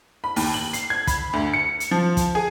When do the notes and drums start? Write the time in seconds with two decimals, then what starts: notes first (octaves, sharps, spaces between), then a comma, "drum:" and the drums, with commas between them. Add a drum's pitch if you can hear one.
0.24 B5
0.36 D#2, drum: open hi-hat
0.54 F#7
0.73 C7, drum: hi-hat
0.90 G#6
1.07 B5, drum: kick, hi-hat
1.33 D2
1.54 C#7
1.80 drum: hi-hat
1.91 F3
2.17 drum: kick, hi-hat
2.35 G#4